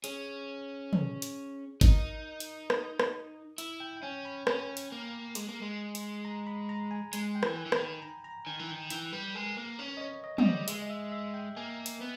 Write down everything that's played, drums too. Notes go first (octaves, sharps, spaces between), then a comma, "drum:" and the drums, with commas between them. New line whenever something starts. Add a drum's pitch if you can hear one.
C#4 G#4, drum: hi-hat
drum: tom
drum: hi-hat
D#4 A#4, drum: kick G#1, hi-hat
drum: hi-hat
drum: rim click
drum: rim click
E4, drum: hi-hat
G5
G5
C#4 G#5
B5
C#4 G#5, drum: rim click
drum: hi-hat
A#3
G#3, drum: hi-hat
A#3
G#3
drum: hi-hat
A#5
B5
A#5
G#5
G#3 G#5, drum: hi-hat
G5
E3, drum: rim click
G#5
E3
D#3, drum: rim click
B5
A#5
A#5
D#3 G#5
E3
G5
D#3
E3 G5, drum: hi-hat
G3 B4
G#3 A#4
A#3
C#4
D#5
C#5
D#5
G3, drum: tom
D#5
G#3 E5, drum: hi-hat
D#5
E5
E5
G5
A#3 G#5
drum: hi-hat
B3